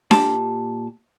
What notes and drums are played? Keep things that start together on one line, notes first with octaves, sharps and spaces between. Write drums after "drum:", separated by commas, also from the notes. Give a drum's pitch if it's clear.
A#2 G4 A5, drum: snare D4